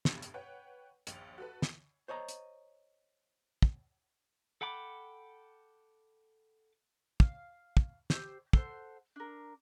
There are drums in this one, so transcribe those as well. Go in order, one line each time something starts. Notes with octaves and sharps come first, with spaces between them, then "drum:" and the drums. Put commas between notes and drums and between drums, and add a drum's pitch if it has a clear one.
F1 A#1 G2 B2, drum: snare
drum: hi-hat
B4 C#5 F#5 G5
A#1 D#2 F7, drum: hi-hat
F#4 A4 B4
drum: snare
C5 C#5 D#5 A5 A#5
drum: hi-hat
drum: kick
A4 F#5 G5 B5 D6
F5, drum: kick
drum: kick
G4 C5 E6, drum: snare
A4 C5 F#5 C6, drum: kick
D4 A#4